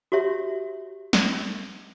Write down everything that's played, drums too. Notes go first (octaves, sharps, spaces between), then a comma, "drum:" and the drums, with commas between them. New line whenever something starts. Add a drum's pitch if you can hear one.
F#4 G4 C#5 E5
drum: snare